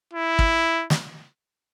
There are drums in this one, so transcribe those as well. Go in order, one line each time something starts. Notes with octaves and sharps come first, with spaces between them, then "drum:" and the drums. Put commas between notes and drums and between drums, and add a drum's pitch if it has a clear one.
E4
drum: kick
drum: snare